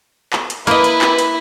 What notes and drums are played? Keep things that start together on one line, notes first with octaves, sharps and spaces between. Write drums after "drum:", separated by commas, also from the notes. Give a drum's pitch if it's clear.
drum: clap
drum: hi-hat
A#3 E4 B4 D#5, drum: hi-hat
drum: hi-hat
drum: clap
drum: hi-hat